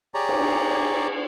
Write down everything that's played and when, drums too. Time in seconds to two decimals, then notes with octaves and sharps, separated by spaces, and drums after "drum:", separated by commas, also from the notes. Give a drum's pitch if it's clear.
0.14 G4 G#4 C#5 D5 A#5
0.29 drum: cymbal